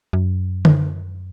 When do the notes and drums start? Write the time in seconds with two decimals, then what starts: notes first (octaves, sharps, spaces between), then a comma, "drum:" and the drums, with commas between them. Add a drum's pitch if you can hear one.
0.13 F#2
0.65 drum: tom D3